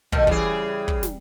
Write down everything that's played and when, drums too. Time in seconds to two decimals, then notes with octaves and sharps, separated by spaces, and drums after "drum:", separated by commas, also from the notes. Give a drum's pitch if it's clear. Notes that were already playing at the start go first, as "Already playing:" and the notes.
0.12 B2 D#3 F3 A3, drum: kick
0.27 E2 C#3 E3 G3 G#4, drum: kick
0.88 drum: kick
1.03 drum: snare